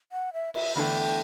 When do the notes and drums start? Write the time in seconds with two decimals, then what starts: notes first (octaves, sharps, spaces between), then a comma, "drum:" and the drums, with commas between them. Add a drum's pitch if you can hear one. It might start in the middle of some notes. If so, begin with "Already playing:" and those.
0.12 F#5
0.33 E5
0.54 E5, drum: cymbal
0.76 E2 D3 A3 G5 B5